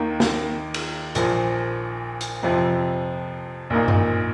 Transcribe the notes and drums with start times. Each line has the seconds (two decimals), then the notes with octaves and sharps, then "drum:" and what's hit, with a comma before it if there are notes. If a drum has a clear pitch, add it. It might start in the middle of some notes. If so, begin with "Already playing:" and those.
Already playing: D#2 D#3 A#3
0.20 drum: snare
0.74 drum: cymbal
1.15 A#1 A#2 F3, drum: hi-hat
2.21 drum: hi-hat
2.43 F2 C3 F3
3.70 A#1 A#2 A#3 D#4
3.88 drum: tom F#2